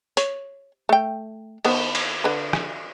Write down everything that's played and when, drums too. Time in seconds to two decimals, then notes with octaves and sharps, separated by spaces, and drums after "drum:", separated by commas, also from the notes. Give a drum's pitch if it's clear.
0.17 C#5, drum: hi-hat
0.89 A3 G5
1.65 D#3 B3 C5, drum: cymbal
1.95 drum: cymbal
2.24 D3 B4
2.53 drum: rim click